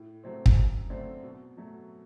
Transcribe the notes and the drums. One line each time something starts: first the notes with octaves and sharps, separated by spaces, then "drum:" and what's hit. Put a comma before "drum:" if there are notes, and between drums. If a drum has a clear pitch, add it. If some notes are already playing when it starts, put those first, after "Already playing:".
Already playing: A2
F#3 A3 C4
drum: kick
F#2
D3 A3 C4
B2
F#3 A3